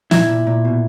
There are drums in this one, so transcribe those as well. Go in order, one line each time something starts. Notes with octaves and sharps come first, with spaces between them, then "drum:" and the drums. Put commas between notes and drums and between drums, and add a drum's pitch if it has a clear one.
A#2 E4, drum: snare
A#2
A#2
B2